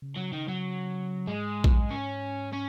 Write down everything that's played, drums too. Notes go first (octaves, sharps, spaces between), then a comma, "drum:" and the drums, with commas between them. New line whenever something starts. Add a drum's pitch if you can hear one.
C#3
F#3
D#3
F#3
G#2 G#3
drum: kick
C#4
C#4